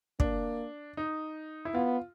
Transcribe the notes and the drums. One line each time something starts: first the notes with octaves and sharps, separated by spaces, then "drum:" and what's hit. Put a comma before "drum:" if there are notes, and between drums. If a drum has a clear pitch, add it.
A#3 D4, drum: kick
D#4
E4
B3 F4